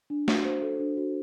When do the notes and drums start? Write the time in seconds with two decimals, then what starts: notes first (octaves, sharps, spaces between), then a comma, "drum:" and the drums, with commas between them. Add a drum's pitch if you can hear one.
0.10 D4
0.28 F#4, drum: snare
0.45 C5
0.62 A4
0.80 D4
0.97 F#4